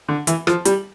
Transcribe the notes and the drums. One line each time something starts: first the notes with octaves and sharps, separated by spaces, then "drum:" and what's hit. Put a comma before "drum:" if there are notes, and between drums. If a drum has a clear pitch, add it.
D3
E3, drum: hi-hat
F3, drum: rim click
G3, drum: hi-hat